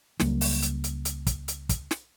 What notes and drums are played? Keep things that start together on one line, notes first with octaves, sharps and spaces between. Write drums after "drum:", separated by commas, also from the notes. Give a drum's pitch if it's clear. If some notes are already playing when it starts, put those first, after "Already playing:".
C#2 F#3 G3 A#3, drum: snare
drum: open hi-hat
drum: hi-hat
drum: hi-hat
drum: hi-hat
drum: kick, hi-hat
drum: hi-hat
drum: kick, hi-hat
drum: snare